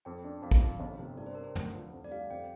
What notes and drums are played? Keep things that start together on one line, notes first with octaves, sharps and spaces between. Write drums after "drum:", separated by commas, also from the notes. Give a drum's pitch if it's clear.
F2 G5
D4
F2 F5
drum: kick
F3
G1
C3
G2 D5
C5
C4 A#4
C5
D2, drum: tom
F3
F2
D5
G3 F5
F2 G5